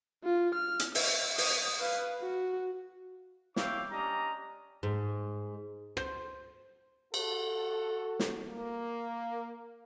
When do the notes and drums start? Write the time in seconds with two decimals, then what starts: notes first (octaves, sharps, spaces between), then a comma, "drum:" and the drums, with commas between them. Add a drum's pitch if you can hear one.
0.24 F4
0.55 F6
0.79 drum: hi-hat
0.95 E5, drum: open hi-hat
1.38 D#6, drum: open hi-hat
1.80 B4 F5
2.21 F#4
3.56 E4 C#5 E5 F5 G5 D6, drum: snare
3.91 C#4 D4 G4 D#5 A#5
4.83 G#2
5.97 C5, drum: rim click
7.14 F#4 A4, drum: cymbal
8.20 drum: snare
8.47 A#3